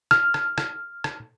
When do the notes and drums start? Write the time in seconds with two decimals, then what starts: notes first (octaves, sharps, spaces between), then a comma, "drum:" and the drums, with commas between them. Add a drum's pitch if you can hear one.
0.11 F6, drum: rim click
0.34 drum: rim click
0.58 drum: rim click
1.04 drum: rim click